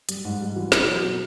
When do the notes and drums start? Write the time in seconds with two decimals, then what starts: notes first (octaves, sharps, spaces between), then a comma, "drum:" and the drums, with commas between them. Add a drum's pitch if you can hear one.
0.09 G3, drum: hi-hat
0.25 G#2
0.41 G3
0.56 E3
0.72 B2, drum: snare
0.89 F#3
1.05 B2